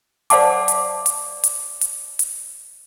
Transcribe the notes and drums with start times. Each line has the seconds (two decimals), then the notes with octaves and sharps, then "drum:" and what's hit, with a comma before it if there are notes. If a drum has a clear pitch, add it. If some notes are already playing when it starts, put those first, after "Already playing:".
0.30 C5 D5 F5 F#5 A5 D6, drum: hi-hat
0.68 drum: hi-hat
1.06 drum: hi-hat
1.44 drum: hi-hat
1.81 drum: hi-hat
2.19 drum: hi-hat